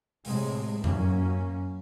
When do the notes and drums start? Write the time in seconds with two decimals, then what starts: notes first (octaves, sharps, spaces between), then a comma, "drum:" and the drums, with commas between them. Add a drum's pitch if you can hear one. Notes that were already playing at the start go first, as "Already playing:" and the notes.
0.25 A2 C3 G#3, drum: open hi-hat
0.84 F#2 A#3 C#4, drum: tom F2